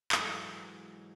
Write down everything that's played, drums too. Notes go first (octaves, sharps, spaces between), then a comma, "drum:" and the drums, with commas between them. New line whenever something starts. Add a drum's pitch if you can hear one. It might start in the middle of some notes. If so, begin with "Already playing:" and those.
G#2 E3 F#3 G#3 A4 D#5, drum: clap